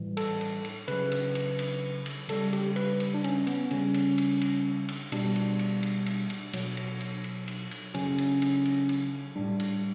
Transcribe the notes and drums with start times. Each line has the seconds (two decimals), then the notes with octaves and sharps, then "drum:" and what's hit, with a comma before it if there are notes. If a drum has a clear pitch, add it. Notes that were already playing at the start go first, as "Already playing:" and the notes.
Already playing: A2 E3 G3
0.17 A4, drum: cymbal
0.41 drum: cymbal
0.64 drum: cymbal
0.88 C#3 F#3 B4, drum: cymbal
1.12 drum: cymbal
1.35 drum: cymbal
1.59 drum: cymbal
2.06 drum: cymbal
2.29 C#3 G3 A4, drum: cymbal
2.53 G4, drum: cymbal
2.76 B4, drum: cymbal
3.00 drum: cymbal
3.14 D4
3.24 C#4, drum: cymbal
3.47 B3, drum: cymbal
3.71 C#3 G3 C#4, drum: cymbal
3.94 drum: cymbal
4.18 drum: cymbal
4.41 drum: cymbal
4.89 drum: cymbal
5.12 B2 G3 D4, drum: cymbal
5.36 drum: cymbal
5.59 drum: cymbal
5.83 drum: cymbal
6.06 drum: cymbal
6.30 drum: cymbal
6.53 B2 F#3, drum: cymbal
6.77 drum: cymbal
7.01 drum: cymbal
7.24 drum: cymbal
7.48 drum: cymbal
7.71 drum: cymbal
7.94 C#3 F#3 C#4, drum: cymbal
8.18 drum: cymbal
8.42 drum: cymbal
8.65 drum: cymbal
8.89 drum: cymbal
9.36 A2 G3 D4
9.60 drum: cymbal